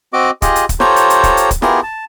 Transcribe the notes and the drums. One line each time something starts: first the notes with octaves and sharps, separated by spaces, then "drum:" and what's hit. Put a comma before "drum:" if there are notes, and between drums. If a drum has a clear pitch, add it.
C4 F#4 D#5 D6
F4 G4 G#4 D#5, drum: kick, hi-hat
drum: hi-hat
drum: kick, hi-hat
F4 G4 A4 C5 C#5 A#5, drum: snare
drum: hi-hat
drum: hi-hat
drum: kick, hi-hat
drum: hi-hat
drum: kick, hi-hat
B3 E4 F4 G4 G#4 A#4, drum: snare
A5